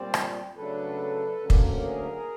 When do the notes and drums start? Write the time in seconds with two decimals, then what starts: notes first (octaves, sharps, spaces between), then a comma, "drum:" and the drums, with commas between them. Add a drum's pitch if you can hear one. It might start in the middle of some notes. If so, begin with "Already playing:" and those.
Already playing: A#2 G3 C4 C5 D5
0.14 drum: rim click
0.57 C#3 F#3 A3 D4 A4 B4
1.40 D2 D3 F#3 A#3 C#4
1.50 drum: kick
1.82 G#4 A#4